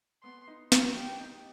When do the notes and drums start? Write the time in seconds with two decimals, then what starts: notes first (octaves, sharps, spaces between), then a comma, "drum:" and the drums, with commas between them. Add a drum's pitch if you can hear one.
0.23 B3 C6
0.47 D#4
0.72 G4, drum: snare
0.96 G4 G5
1.20 D#4